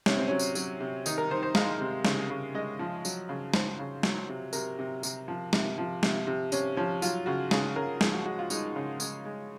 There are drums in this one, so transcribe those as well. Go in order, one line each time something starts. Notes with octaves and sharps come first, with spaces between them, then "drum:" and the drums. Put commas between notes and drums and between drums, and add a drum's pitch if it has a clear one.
C3 C#4, drum: snare
C4
F#3 C#4
drum: tambourine
F#3, drum: tambourine
C3
D#3 D#4, drum: tambourine
A#4
D#3 C5
C5
G#3 F5, drum: snare
C3
C#3, drum: snare
C#3
G#3 D#5
F3
F#3, drum: tambourine
C#3
C#3 C5, drum: snare
C#3
F#3, drum: snare
C3
C3 A#4, drum: tambourine
C3
C3, drum: tambourine
F3
C3, drum: snare
F3
C3, drum: snare
C3
C3 C#4, drum: tambourine
F3 C#4
F#3 F4, drum: tambourine
C#3 F#4
C#3 G#4, drum: snare
C#3 A#4
F3 G#4, drum: snare
F#4
G#3 F#4
F4
G#3 D#4, drum: tambourine
C#3
G#3, drum: tambourine
G#3